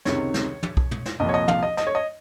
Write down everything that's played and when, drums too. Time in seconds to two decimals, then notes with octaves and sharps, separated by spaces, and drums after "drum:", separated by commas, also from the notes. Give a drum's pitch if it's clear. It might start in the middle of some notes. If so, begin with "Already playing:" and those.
0.05 C#2 C3 D#3 C#5, drum: snare
0.34 drum: snare
0.63 drum: tom
0.77 drum: kick B1
0.91 drum: tom
1.06 drum: snare
1.20 C2 A#2 F3 D#5
1.29 C#5
1.34 D#5
1.48 F5, drum: tom
1.63 D#5
1.77 D#5, drum: snare
1.87 C#5
1.95 D#5